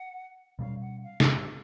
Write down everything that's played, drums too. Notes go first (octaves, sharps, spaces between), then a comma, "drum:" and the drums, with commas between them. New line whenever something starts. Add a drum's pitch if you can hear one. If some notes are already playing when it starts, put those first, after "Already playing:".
Already playing: F#5
B2 G3 A#3 C#4 F5
F#5
F5
drum: snare